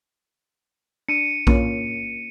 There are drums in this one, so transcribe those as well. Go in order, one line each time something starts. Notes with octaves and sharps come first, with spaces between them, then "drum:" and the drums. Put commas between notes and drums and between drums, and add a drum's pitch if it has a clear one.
D4 C#7 D#7
A#3 C#4 F4, drum: kick A#1